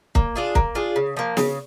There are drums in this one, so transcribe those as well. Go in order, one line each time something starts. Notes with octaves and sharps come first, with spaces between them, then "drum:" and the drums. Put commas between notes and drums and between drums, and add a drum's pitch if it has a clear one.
A#3, drum: kick
D4 F4 G#4
A#3, drum: kick
D4 F4 G#4
C#3
F3 A#3
C#3, drum: snare